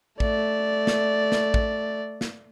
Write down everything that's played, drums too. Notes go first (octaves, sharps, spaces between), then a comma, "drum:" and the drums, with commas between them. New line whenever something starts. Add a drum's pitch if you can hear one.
A3 D5, drum: kick
drum: snare
drum: snare
drum: kick
drum: snare